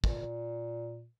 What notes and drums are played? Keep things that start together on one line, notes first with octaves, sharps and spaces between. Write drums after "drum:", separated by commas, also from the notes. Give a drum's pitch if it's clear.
A#2, drum: kick